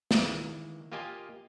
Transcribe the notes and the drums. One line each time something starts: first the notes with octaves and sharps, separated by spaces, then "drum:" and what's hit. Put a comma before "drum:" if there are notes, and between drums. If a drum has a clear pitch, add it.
D#3 E3 G#3 A#3, drum: snare
A#3 F4 G4 D#5 F5 G#5